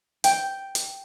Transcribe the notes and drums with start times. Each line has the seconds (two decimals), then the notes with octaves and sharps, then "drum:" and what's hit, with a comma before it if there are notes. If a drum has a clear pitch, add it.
0.24 G5, drum: hi-hat
0.75 drum: hi-hat